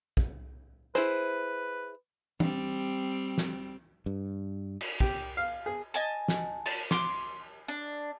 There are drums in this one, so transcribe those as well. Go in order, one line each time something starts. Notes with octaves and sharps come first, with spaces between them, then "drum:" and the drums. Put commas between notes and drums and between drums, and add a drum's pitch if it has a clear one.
drum: kick
E4 G#4 B4 C5, drum: hi-hat
G3 C4, drum: tom E3
drum: snare
G2
drum: cymbal
G4, drum: kick
F5
G#4
D#5 G#5 A5
drum: snare
A5, drum: cymbal
C6 D6, drum: snare
D4